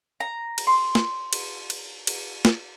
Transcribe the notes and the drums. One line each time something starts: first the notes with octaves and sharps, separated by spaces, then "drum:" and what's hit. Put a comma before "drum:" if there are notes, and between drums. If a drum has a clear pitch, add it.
A#5
drum: cymbal
C6
drum: snare
drum: cymbal
drum: cymbal
drum: cymbal
drum: snare